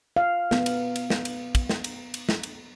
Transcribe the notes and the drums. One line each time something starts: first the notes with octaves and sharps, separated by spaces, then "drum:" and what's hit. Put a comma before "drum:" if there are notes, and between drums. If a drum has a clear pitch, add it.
F5
B3, drum: snare
drum: cymbal
drum: cymbal
drum: snare
drum: cymbal
drum: kick, cymbal
drum: snare
drum: cymbal
drum: cymbal
drum: snare
drum: cymbal